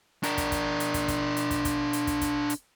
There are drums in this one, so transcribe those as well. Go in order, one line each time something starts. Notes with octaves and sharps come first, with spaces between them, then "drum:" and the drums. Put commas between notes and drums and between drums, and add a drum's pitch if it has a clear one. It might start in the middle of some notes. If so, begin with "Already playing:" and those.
D4 A#4, drum: hi-hat
drum: kick, hi-hat
drum: kick, hi-hat
drum: hi-hat
drum: kick, hi-hat
drum: kick, hi-hat
drum: hi-hat
drum: kick, hi-hat
drum: kick, hi-hat
drum: hi-hat
drum: kick, hi-hat
drum: kick, hi-hat
drum: hi-hat